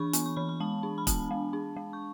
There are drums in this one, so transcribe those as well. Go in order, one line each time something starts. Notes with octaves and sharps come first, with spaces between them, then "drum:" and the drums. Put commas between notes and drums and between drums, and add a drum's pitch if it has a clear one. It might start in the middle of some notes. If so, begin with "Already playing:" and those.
Already playing: E3 D4 B5 C#6
B3 C#6, drum: hi-hat
C#6
E3 B5
B5
G#3 A5
D4
B5
B3 A5, drum: kick, hi-hat
G#3
D4
G#3
C#6